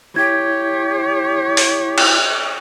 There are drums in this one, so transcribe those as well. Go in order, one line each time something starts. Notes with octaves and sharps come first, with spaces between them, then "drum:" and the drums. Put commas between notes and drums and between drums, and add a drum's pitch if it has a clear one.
E4 G4 C#5 G#6
drum: open hi-hat
drum: cymbal